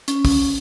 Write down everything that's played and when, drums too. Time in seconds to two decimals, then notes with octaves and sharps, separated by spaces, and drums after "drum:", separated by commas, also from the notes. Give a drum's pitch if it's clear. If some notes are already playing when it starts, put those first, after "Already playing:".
0.08 C#4, drum: hi-hat
0.25 drum: kick, open hi-hat